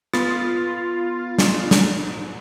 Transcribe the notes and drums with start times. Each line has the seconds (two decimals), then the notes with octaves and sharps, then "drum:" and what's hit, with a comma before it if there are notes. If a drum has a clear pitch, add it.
0.13 B3 F4 B5 A6, drum: rim click
1.39 drum: snare
1.71 drum: snare